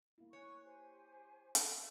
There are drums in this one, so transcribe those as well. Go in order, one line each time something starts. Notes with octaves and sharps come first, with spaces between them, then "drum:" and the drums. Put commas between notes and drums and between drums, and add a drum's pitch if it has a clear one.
A#3 E4
C#5 G#5 C#6 F#6
G4 C5 G#5
drum: hi-hat